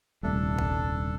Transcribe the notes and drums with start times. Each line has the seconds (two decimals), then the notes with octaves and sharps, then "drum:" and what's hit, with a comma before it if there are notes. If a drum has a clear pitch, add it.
0.23 D#1 C2 A3 D4 A4
0.59 drum: kick